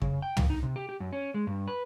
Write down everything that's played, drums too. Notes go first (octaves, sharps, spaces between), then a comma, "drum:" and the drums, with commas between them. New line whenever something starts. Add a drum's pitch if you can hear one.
C#3, drum: kick F2
G5
F3, drum: tom
D#4
C3
G4
G4
F#2
C#4
G#3
G2
B4